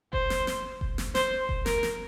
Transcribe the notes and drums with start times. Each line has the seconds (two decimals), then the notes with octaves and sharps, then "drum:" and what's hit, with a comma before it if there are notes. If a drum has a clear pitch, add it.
0.13 C5, drum: kick F1
0.30 drum: snare
0.47 drum: snare
0.81 drum: kick F1
0.98 drum: snare
1.15 C5, drum: snare
1.49 drum: kick F1
1.66 A#4, drum: snare
1.83 drum: snare